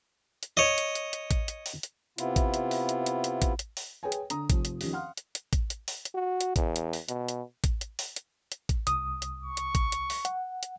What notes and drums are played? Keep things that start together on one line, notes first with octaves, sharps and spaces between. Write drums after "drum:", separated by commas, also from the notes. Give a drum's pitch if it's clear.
drum: hi-hat
C#5 D#5
drum: hi-hat
drum: hi-hat
drum: hi-hat
drum: kick A1, hi-hat
drum: hi-hat
drum: open hi-hat
drum: hi-hat
C3 B3 E4 F4, drum: hi-hat
drum: kick A1, hi-hat
drum: hi-hat
drum: open hi-hat
drum: hi-hat
drum: hi-hat
drum: hi-hat
drum: kick A1, hi-hat
drum: hi-hat
drum: open hi-hat
G#4 B4 C#5 G5 G#5
drum: hi-hat
D3 A#5 D#6, drum: hi-hat
F1 F3, drum: kick A1, hi-hat
drum: hi-hat
D#3 F3 C#4 G4, drum: open hi-hat
F5 F#5 C6 F6
drum: hi-hat
drum: hi-hat
drum: kick A1, hi-hat
drum: hi-hat
drum: open hi-hat
drum: hi-hat
F#4
drum: hi-hat
E2, drum: kick A1, hi-hat
drum: hi-hat
drum: open hi-hat
B2, drum: hi-hat
drum: hi-hat
drum: kick A1, hi-hat
drum: hi-hat
drum: open hi-hat
drum: hi-hat
drum: hi-hat
drum: kick A1, hi-hat
C2 D#6, drum: hi-hat
drum: hi-hat
C#6
drum: hi-hat
drum: kick A1, hi-hat
drum: hi-hat
drum: open hi-hat
F#5, drum: hi-hat
drum: hi-hat